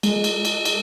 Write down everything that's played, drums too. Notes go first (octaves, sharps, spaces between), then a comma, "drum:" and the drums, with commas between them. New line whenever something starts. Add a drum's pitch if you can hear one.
G#3, drum: cymbal
drum: cymbal
drum: cymbal
drum: cymbal